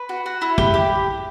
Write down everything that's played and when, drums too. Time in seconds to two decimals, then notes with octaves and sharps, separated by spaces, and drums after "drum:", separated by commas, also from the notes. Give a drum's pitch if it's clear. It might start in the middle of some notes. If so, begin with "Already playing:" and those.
Already playing: B4
0.09 F#4
0.26 F#4
0.42 E4
0.58 G4, drum: kick
0.74 G4